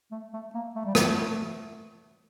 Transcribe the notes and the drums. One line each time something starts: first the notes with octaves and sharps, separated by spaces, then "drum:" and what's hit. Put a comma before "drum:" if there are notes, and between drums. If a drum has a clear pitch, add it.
A3
A3
A#3
A3
G3
A3, drum: rim click